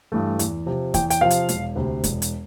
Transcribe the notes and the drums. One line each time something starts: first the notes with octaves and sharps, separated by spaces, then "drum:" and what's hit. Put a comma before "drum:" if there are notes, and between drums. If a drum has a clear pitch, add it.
G2 E3 A3
E2, drum: hi-hat
C3 F3
E2 G5, drum: kick, hi-hat
G5, drum: hi-hat
C3 F3 F5
drum: hi-hat
E1, drum: hi-hat
D2 C3
E1, drum: kick, hi-hat
drum: hi-hat